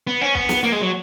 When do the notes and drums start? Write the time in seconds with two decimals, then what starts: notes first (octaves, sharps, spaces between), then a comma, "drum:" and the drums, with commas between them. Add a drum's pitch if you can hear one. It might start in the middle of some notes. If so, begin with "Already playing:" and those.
0.07 B3
0.21 C#4
0.35 B3, drum: kick
0.49 drum: snare
0.64 A#3
0.72 G#3
0.81 F#3